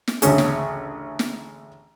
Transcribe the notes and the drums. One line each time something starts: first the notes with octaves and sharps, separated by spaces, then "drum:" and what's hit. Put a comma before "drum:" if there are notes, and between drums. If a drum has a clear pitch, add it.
drum: snare
A1 D2 C#3 C#4 G#4, drum: hi-hat
drum: snare
drum: snare